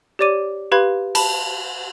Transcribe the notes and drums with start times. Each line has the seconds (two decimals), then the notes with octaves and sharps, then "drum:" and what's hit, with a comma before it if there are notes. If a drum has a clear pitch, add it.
0.19 G4 C#5 D5 D6 D#7
0.72 G4 B4 F5 B5 C6 G#6
1.15 A5 B5, drum: cymbal